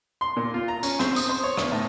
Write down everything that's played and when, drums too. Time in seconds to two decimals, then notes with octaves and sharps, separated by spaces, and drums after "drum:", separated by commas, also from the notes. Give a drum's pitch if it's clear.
0.21 C6
0.37 A#2
0.54 F4
0.68 A#5
0.83 C#4, drum: tambourine
0.99 C4, drum: rim click
1.16 D#6, drum: tambourine
1.29 C5
1.44 C#5
1.57 E2, drum: rim click
1.72 A2